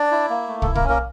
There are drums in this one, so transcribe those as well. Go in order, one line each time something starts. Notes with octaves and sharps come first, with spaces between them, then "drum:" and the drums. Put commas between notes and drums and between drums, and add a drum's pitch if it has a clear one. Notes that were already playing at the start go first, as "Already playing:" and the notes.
Already playing: D4 D5
E4
A#3
A3
A4, drum: kick
E4
A#3 A#4, drum: kick
C#4
A#3 A#4